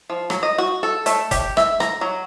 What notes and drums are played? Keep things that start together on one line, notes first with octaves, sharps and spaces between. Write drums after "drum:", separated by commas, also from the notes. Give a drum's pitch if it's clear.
F3
F#3, drum: rim click
D#5
F#4
A4
A3, drum: hi-hat
G4, drum: kick F#1, hi-hat
E5, drum: rim click
A#5, drum: rim click
F#3